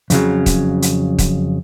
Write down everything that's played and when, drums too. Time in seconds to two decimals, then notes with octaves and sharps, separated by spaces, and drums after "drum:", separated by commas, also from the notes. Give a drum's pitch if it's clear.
0.10 F2 C#3 F#3, drum: hi-hat
0.46 drum: kick, hi-hat
0.82 drum: hi-hat
1.19 drum: kick, hi-hat